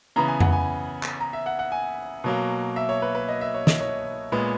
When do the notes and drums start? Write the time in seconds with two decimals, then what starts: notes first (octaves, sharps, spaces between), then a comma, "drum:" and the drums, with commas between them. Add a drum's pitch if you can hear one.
0.16 C#3 E3 B3 A#5
0.28 G#5
0.40 F#5, drum: tom F2
0.52 G#5
1.03 drum: clap
1.20 A#5
1.33 E5
1.46 F#5
1.59 F#5
1.72 G#5
2.24 B2 F#3 A#3
2.76 E5
2.89 C#5
3.02 B4
3.15 B4
3.29 D#5
3.41 E5
3.54 C#5
3.67 D#5, drum: snare
3.80 C#5
4.32 A#2 G#3 B3